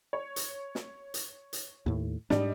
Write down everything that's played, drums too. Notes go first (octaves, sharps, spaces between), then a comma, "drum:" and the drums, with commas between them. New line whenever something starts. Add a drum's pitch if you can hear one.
C#5
drum: hi-hat
drum: snare
drum: hi-hat
drum: hi-hat
D#2 A2
G#2 G3 D4 D#5, drum: snare